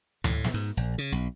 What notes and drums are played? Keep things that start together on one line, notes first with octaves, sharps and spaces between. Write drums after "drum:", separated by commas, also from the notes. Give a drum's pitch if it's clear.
A2, drum: tom D2
drum: snare
G#2
A#1
C#3
B1